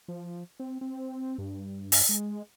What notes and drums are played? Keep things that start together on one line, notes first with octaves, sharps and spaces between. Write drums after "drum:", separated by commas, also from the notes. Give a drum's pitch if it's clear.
F3
C4
C4
G2
drum: open hi-hat
G#3